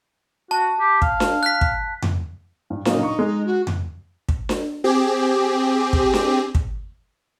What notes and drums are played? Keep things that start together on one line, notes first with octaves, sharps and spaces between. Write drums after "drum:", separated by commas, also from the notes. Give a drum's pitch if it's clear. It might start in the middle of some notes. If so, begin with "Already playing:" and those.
F#4 A5
G4
F5, drum: kick
drum: snare D4
F#6 B6
drum: kick
drum: tom F2
G2
A#2 C#3 F#3 D#4, drum: snare D4
C#6
G#3
F#4
drum: tom F2
drum: kick
drum: snare D4
C4 G4 G#4
drum: kick
drum: snare D4
drum: kick